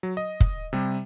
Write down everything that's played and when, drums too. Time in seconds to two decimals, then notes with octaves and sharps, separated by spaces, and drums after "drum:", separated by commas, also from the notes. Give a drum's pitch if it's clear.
0.03 F#3
0.17 D#5
0.40 drum: kick
0.73 C3 G3